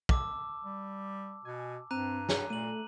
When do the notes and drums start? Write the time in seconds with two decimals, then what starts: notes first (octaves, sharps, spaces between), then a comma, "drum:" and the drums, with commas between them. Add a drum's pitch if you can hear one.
0.09 A5 D6 E6, drum: kick
0.63 G3
1.45 B2 G#5
1.91 G2 C4 A#5 F#6 D#7
2.29 G#4, drum: snare
2.50 A#2 A3 D#7 F#7